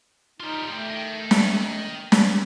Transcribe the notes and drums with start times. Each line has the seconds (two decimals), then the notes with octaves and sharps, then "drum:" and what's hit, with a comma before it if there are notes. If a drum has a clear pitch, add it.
0.40 G3 D#4 F4
0.70 A3 D#4 G4
0.90 D#5 G5
1.31 drum: snare
2.12 drum: snare